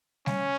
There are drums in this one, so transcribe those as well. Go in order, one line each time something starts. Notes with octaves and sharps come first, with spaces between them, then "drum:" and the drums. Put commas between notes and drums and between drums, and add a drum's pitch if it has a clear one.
C#4, drum: snare G3